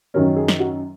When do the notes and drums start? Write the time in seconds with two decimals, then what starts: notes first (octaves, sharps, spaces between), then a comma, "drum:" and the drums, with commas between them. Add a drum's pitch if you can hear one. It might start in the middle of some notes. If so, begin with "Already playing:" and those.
0.14 F#2 D#3 F#3 C#4 A#4
0.36 G#4
0.48 drum: snare
0.60 F#4